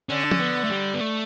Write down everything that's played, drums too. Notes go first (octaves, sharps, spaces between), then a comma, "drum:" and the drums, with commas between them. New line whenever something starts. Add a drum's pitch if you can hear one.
D3 C#4
D4
C#4, drum: tom F3
B3
A3
G3
B3
A3